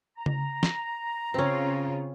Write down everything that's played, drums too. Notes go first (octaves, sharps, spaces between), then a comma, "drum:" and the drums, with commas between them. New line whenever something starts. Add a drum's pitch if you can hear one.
A#5
drum: tom C#3
drum: snare
C#3 C4 C#4 F4